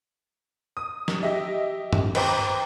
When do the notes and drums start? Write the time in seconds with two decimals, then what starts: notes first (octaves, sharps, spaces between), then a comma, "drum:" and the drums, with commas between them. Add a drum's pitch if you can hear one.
0.77 D#6
1.08 drum: snare
1.23 G4 D#5 E5
1.93 drum: tom
2.15 B4 C5 G5 A#5 D6, drum: cymbal